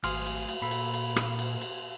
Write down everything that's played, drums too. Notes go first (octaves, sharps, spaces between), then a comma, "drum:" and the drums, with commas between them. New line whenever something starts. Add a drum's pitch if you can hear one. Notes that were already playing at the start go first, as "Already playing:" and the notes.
G#1 A3 G#4 F5 C6 F6, drum: cymbal
drum: cymbal
drum: cymbal
A#2 A#3 A4 B5
drum: cymbal
drum: cymbal
drum: rim click
drum: cymbal
drum: cymbal